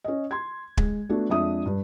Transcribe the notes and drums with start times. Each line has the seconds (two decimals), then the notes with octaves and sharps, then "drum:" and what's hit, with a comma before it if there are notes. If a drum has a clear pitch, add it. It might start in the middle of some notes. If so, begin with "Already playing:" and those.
0.04 C#4 D#5
0.31 C6 G#6
0.77 G#3, drum: kick
1.09 A3 B3 D4 F#4
1.29 F2 G#3 D4 E5 D#6
1.65 G2